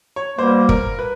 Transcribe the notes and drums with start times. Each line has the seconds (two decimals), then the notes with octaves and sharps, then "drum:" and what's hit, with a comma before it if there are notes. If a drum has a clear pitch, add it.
0.16 C#5
0.38 B2 G3 A#3 C5
0.69 A#4, drum: kick
0.99 B4